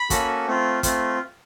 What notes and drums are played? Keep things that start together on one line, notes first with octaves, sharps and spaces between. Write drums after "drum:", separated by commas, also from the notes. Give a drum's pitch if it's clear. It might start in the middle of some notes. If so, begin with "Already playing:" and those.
Already playing: B5
A#3 C#4 F#4 A4, drum: kick, hi-hat
A3 C4 F4
A3 C4 F4, drum: kick, hi-hat